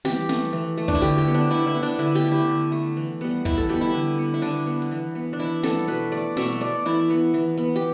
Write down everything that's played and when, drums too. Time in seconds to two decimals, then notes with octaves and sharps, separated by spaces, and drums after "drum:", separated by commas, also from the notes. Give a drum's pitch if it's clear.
0.05 E3 G4, drum: snare
0.29 A3, drum: snare
0.53 E3
0.77 A3
0.88 D4, drum: kick
0.95 E4
1.02 D3 G4
1.18 G4
1.27 B3
1.34 D4
1.50 D3 E4
1.67 E4
1.74 B3
1.83 D4
1.99 D3 E4
2.15 G4
2.24 A3
2.32 E4
2.48 D3
2.72 A3
2.96 E3
3.21 G3 B3
3.45 E3 E4, drum: kick
3.58 A4
3.69 G3 B3 G4
3.81 E4
3.94 D3
4.18 B3
4.34 E4
4.42 D3 D4
4.66 B3
4.82 drum: hi-hat
4.91 E3
5.15 B3
5.33 D4
5.39 E3 E4
5.63 B3 A4, drum: snare
5.88 B2 B4
6.12 A3 D5
6.37 B2 E5, drum: snare
6.61 A3 D5
6.86 E3 E4
7.10 B3
7.34 E3
7.58 B3
7.76 G4